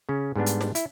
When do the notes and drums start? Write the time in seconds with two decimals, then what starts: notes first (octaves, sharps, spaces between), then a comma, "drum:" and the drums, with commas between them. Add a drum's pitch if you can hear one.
0.09 C#3 C#4
0.35 G#2 G3 B3 D4
0.46 drum: hi-hat
0.61 drum: snare
0.75 E4, drum: hi-hat